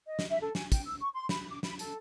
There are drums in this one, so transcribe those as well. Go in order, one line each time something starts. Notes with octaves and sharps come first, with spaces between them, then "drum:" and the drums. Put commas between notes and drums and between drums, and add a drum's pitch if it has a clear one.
D#5
drum: snare
E5
A4
G#5, drum: snare
G5, drum: kick, hi-hat
E6
C#6
C6
B5, drum: snare
D6
B5, drum: snare
A4, drum: hi-hat